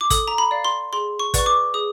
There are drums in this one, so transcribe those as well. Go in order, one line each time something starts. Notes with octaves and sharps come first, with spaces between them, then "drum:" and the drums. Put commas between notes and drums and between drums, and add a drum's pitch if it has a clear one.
D6
A4 D#6, drum: kick, hi-hat
A#5
B5
D5 F5
C6
G#4 C6
C#6
B4 D5 F#5 C#6, drum: kick, hi-hat
D6
G#4 D#6